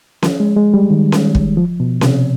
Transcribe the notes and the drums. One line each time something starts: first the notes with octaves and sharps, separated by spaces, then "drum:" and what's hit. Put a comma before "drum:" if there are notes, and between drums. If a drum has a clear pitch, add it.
F3, drum: snare C#4
G#3
G#3
G3
D#3
drum: snare C#4
drum: kick
F3
B2
C3, drum: snare C#4